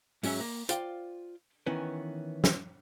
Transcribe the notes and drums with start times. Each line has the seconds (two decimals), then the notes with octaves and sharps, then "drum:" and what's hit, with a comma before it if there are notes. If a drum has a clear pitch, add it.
0.23 G#2 F#3 C#4 E5, drum: open hi-hat
0.40 A#3
0.69 F4 C5 D5 F5 G5, drum: hi-hat
1.66 D#3 E3 B3 C#4
2.44 drum: snare